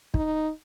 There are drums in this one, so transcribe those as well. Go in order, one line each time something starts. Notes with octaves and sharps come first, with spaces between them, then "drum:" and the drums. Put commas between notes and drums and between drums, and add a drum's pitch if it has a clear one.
D#4, drum: kick